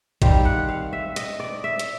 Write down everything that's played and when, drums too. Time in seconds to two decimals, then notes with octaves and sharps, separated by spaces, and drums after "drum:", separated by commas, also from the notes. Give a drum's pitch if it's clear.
0.22 D#3 G3 C4 F5, drum: kick, hi-hat
0.45 F#5
0.68 F5
0.93 E5
1.16 D#5, drum: hi-hat
1.40 D5
1.64 E5
1.79 drum: hi-hat